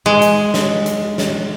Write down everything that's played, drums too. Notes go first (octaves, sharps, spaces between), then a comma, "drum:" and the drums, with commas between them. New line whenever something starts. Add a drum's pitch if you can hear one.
G#3
drum: hi-hat
drum: snare
drum: hi-hat
drum: snare